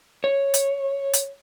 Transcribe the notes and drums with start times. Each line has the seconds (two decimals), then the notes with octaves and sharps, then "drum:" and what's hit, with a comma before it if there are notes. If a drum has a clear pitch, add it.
0.24 C#5
0.54 drum: hi-hat
1.14 drum: hi-hat